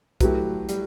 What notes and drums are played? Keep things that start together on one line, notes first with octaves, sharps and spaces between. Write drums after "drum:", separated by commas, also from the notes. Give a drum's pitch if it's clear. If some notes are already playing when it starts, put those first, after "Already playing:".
F#3 A3 E4 G4 B4, drum: kick B1, hi-hat
G3, drum: hi-hat